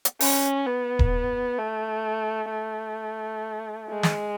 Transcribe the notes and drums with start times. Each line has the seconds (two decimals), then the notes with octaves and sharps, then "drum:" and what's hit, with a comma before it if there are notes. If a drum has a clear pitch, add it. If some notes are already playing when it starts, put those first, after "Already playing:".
0.05 drum: hi-hat
0.20 C#4, drum: open hi-hat
0.67 B3
0.99 drum: kick D#1
1.59 A3
2.51 A3
3.89 G#3
4.03 drum: snare